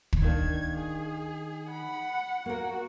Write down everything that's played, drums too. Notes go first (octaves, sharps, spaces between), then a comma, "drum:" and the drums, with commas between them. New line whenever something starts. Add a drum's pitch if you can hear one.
drum: kick
D#3 A#3 D4 G#6
G#4
F#5 B5
A#3 F#4 A#4